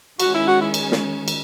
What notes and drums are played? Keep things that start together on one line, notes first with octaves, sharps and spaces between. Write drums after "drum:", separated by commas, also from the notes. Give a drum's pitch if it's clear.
D#3 G#3 C#4 F#4, drum: cymbal
E4
F#4
E4
drum: cymbal
drum: snare
drum: cymbal